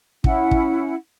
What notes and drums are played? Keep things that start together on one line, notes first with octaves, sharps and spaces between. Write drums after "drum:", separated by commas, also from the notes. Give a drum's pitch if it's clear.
C#4 E4 F#5, drum: kick
drum: kick